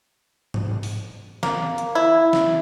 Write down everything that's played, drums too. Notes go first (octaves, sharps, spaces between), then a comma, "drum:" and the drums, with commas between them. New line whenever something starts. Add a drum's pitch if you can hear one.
drum: tom
drum: open hi-hat
A#3, drum: snare
drum: hi-hat
E4
drum: snare